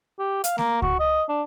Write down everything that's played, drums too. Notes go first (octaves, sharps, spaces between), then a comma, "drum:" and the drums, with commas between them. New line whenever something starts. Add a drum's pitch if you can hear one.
G4
F5, drum: hi-hat
A#3, drum: snare A3
F#4, drum: kick C#2
D#5
D4